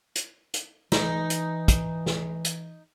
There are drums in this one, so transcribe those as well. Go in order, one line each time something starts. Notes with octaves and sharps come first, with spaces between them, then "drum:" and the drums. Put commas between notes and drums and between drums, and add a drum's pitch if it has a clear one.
drum: hi-hat
drum: hi-hat
E3 D#4, drum: snare
drum: hi-hat
drum: kick, hi-hat
drum: snare
drum: hi-hat